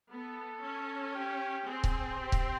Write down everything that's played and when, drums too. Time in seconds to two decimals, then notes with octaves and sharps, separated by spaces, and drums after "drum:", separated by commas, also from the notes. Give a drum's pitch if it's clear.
0.11 B3 A4
0.63 C#4
1.15 G4
1.67 C4 G#4
1.84 drum: kick C#1
2.19 G4
2.32 drum: kick C#1